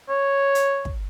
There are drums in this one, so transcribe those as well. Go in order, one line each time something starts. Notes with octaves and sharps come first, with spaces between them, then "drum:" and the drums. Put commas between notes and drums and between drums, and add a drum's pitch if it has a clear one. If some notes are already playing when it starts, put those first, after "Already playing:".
C#5
drum: hi-hat
drum: kick